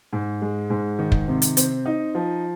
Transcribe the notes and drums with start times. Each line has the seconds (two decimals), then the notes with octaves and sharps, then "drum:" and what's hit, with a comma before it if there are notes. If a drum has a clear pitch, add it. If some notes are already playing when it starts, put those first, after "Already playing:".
0.13 G#2
0.42 G#3
0.70 G#2
0.99 D#3
1.12 drum: kick
1.28 C3
1.42 drum: hi-hat
1.57 C4, drum: hi-hat
1.86 D#4
2.15 F3